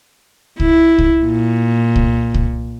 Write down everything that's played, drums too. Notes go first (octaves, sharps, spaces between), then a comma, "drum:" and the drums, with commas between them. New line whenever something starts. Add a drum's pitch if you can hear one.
E4, drum: kick C2
drum: kick C2
A#2
drum: kick C2
drum: kick C2